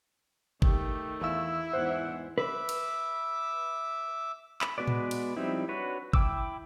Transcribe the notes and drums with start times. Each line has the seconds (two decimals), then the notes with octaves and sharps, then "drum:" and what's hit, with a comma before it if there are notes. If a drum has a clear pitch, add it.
0.62 D#3 A3 G4, drum: kick G1
1.21 E2 E4 F5 E6
1.73 E2 G#2 C5 F#5
2.38 B4 E5 D6 E6
2.69 drum: cymbal
4.61 B5, drum: clap
4.78 G#3 B3 F#4 B4 D5
4.88 drum: tom A2
5.11 drum: cymbal
5.37 F3 G3 C4 D#4 E4
5.68 D4 F#4 B4 C#5
6.13 E4 G5 D6 E6, drum: kick G1